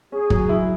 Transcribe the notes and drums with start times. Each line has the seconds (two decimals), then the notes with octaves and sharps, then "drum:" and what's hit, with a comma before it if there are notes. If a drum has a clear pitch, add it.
0.11 C#4 G#4
0.30 F#3 G#4, drum: kick
0.49 E4